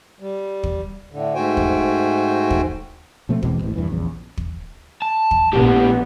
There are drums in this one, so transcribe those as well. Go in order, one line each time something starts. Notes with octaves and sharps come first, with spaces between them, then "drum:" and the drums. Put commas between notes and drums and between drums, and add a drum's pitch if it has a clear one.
G3
drum: kick
A2 D3
G#2 A3 F#4 C5 G5 G#5
drum: kick
drum: kick
B2 F3 A3 C4
B2 E3 G#3 C4, drum: kick
A1 D#2 A2
E2 G2 C3 E3
A#1 E2 C#3
drum: kick
A5
drum: kick
A#1 A2 B3 G4